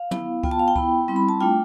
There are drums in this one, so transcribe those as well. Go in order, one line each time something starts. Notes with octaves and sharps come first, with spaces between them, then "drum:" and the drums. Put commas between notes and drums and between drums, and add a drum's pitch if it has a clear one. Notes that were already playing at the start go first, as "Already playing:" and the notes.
Already playing: F5
B3 E4, drum: tom
B3 F4 G5, drum: kick C#2
A5
F5
G5
B3 E4 B5, drum: kick C#2
G3 C4 E4
B5
A5
A3 D4 F4 G5